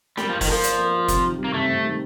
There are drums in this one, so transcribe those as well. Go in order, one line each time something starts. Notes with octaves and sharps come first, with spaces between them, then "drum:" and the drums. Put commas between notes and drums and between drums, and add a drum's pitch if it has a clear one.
G3 A#3, drum: snare
F3
F4
D#3, drum: kick, open hi-hat
F3 A#4
D5, drum: hi-hat
A#3
F4
C3, drum: kick, hi-hat
D#3
G3
A#3
C3 A3
C3
D#3